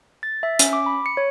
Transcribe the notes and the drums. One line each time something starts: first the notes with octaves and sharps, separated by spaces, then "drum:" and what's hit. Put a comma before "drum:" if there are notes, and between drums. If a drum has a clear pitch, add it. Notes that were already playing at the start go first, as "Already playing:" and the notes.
A6
E5
C#4, drum: hi-hat
D6
B5
C#7
C#5